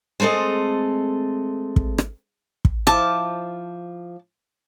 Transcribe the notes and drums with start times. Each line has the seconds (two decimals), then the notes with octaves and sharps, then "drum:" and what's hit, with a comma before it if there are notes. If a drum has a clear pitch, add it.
0.20 G#3 A3 C4 A4 D#5
1.76 drum: kick
1.98 drum: rim click
2.65 drum: kick
2.87 F3 E4 A5 D6, drum: rim click